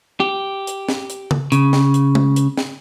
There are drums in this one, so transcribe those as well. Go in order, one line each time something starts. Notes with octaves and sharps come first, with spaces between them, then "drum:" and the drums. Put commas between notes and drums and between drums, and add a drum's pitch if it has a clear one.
G4
drum: hi-hat
drum: snare
drum: hi-hat
drum: tom C#3
C#3, drum: hi-hat
drum: snare
drum: hi-hat
drum: tom G#3
drum: hi-hat
drum: snare